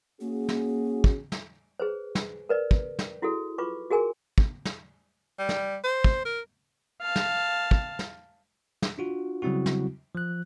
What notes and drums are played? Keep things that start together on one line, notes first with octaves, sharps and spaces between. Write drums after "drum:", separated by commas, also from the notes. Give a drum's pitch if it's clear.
A#3 C#4 F#4 G#4
drum: snare
drum: kick
drum: snare
G#4 B4 C5
drum: snare
A#4 B4 D5
drum: kick
drum: snare
E4 F#4 G#4 A4
F4 B4 C#6 D6
F#4 G#4 A#4 G#5
drum: kick
drum: snare
G3
drum: snare
C5
drum: kick
A#4
F5 A5
drum: snare
drum: kick
drum: snare
drum: snare
D4 F4 F#4
C#3 F#3 G3 C4 E4 F#4
drum: snare
F3 F#6